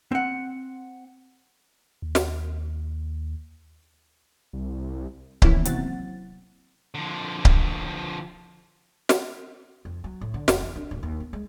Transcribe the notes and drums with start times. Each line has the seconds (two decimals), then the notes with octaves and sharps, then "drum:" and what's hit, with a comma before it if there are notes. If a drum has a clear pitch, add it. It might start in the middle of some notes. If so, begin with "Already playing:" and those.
0.12 C4 F#5
2.02 D#2
2.15 drum: snare
4.53 C2
5.42 D#3 E3 A#3 B3 C#4 E4, drum: kick C#1
5.65 C3 F#3 C4 F#5 A6, drum: hi-hat
6.95 D3 F3
7.45 drum: kick C#1
9.09 drum: snare
9.85 F2
10.04 F#3
10.21 A2
10.34 D3
10.48 F1, drum: snare
10.62 E2
10.76 D4
10.91 D1
11.03 D#2
11.20 B3
11.33 G#3